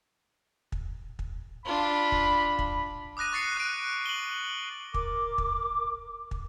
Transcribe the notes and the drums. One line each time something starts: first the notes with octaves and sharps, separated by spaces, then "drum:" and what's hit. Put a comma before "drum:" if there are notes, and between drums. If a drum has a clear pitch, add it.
drum: kick
drum: kick
D4 F4 B5
drum: kick
drum: kick
D6 D#6 F#6 A#6 D#7
C#6 A6 C7 C#7
F#6 D7
F#7 G7
A#4 D6, drum: kick
drum: kick
drum: kick